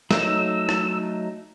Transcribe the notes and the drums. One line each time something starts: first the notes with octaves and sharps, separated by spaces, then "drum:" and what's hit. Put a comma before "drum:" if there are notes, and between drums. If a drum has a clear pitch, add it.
F#3 A3 D#4 E6, drum: snare
drum: rim click